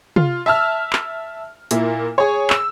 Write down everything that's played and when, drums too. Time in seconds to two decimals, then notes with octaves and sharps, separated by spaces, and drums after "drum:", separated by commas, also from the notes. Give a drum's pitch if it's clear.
0.16 F4, drum: tom
0.46 E5 A5 E6 F6
0.93 drum: clap
1.71 A#2 A#3 E4, drum: hi-hat
2.18 G#4 C#5
2.50 E6, drum: clap